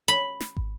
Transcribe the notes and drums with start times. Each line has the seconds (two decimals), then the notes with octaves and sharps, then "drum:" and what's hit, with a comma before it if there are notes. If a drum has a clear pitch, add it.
0.08 B5
0.40 drum: snare
0.57 drum: kick